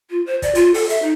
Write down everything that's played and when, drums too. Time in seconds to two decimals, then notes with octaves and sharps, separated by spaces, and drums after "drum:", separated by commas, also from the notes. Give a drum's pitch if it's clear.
0.10 F4
0.26 C5
0.42 D5, drum: kick, hi-hat
0.55 F4, drum: hi-hat
0.74 A4, drum: open hi-hat
0.89 E5, drum: hi-hat
1.02 D#4